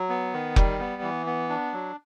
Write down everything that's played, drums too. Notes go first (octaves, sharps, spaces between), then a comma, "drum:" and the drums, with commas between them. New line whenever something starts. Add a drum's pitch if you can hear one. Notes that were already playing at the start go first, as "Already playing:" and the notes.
Already playing: F#3
B3
D#3
G3, drum: kick F1
B3
E3
B3
D4
F#3